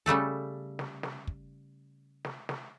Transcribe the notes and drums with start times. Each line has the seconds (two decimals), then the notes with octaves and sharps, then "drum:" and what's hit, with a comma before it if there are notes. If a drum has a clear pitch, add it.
0.06 C#3 G3 A3 A4
0.79 drum: snare
1.03 drum: snare
1.27 drum: kick
2.25 drum: snare
2.49 drum: snare